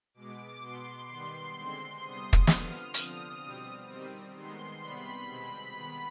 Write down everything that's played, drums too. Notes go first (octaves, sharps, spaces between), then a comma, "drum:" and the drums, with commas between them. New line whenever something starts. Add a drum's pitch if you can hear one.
B2 G#3 B3 D6
B2 B3 C6
D#3 G3 B3 C6
D3 G#3 C4
C3 G3 B3 D#6
drum: kick
D3 F3 B3 F6, drum: snare
D3 F3 C4 D#6, drum: hi-hat
B2 G3 C4
D#3 G3 C4
D#3 G#3 B3 C6
C3 G3 B3 B5
B2 G#3 C4 B5
D#3 B3